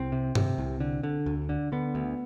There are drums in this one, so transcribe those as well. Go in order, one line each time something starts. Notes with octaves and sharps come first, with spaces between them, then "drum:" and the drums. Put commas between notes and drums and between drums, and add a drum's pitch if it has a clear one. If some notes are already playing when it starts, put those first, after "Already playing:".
Already playing: C2 C4
C3
C3, drum: tom G2
C2
D3
D3
D2
D3
D3 B3
D2